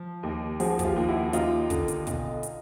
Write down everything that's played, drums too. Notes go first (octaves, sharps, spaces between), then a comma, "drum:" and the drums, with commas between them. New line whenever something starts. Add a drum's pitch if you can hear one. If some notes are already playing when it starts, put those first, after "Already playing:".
Already playing: F3
D#2
F3 F#4 G#4, drum: open hi-hat
G#4, drum: kick, hi-hat
F4 G4
D#2
E4 F#4
D#2 D#4 F4, drum: hi-hat
D3, drum: kick, hi-hat
drum: hi-hat
B1, drum: kick, hi-hat
drum: hi-hat